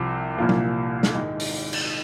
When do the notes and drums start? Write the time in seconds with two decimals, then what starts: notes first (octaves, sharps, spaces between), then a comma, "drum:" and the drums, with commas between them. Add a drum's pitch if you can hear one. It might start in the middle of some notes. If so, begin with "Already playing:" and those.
Already playing: C2 C3 F3
0.38 C2 A#2 F3 A#3 F4
0.49 drum: tom
1.03 drum: snare
1.14 G#2 D#3 G#3
1.39 drum: open hi-hat
1.73 drum: cymbal